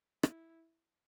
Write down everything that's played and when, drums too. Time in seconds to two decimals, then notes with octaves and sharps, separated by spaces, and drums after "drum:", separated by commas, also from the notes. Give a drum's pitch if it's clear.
0.23 E4, drum: rim click